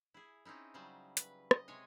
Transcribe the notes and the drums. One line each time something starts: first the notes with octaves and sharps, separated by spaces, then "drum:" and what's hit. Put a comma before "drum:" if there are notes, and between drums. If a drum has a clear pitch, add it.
E4 G#4
C4 C#4 D#4 E4
C#3 F#3 G3 C5
B4, drum: hi-hat
D#5, drum: rim click
C3 G#3 C#5 G#5